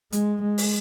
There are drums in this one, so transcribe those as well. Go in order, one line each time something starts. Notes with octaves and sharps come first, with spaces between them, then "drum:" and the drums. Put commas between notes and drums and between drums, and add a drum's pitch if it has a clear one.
G#3, drum: hi-hat
G#3
drum: open hi-hat